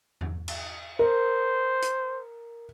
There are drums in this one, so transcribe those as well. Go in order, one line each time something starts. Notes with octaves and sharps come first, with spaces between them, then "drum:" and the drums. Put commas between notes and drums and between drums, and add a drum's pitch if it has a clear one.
drum: tom E2
drum: cymbal
A#4 C5
drum: hi-hat